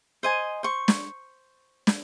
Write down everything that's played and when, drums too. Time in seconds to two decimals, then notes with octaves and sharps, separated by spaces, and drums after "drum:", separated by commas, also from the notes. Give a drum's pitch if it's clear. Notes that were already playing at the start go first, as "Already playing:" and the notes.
0.23 C5 D#5 G#5
0.63 C5 C#6
0.88 drum: snare
1.87 drum: snare